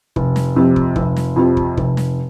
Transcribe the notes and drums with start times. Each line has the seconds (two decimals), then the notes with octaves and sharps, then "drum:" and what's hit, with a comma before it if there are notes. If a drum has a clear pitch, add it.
0.16 F1, drum: kick
0.36 drum: snare
0.56 F2 C3 F3
0.76 drum: kick
0.96 F1, drum: kick
1.16 drum: snare
1.36 F2 C3 F3
1.57 drum: kick
1.77 F1, drum: kick
1.97 drum: snare